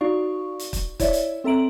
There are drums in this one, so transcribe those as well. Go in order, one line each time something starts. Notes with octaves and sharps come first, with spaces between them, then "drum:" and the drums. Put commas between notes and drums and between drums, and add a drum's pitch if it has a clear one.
D#4 F#4 D5 F5 C#6
drum: hi-hat
drum: kick, hi-hat
E4 C#5 D5 E5, drum: kick, hi-hat
drum: hi-hat
C4 A4 E5 A#5 D7 F#7